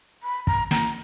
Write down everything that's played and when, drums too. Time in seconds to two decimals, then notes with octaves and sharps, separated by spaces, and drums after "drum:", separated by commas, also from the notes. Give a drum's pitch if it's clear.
0.23 B5
0.47 A#5, drum: kick
0.71 A#5, drum: snare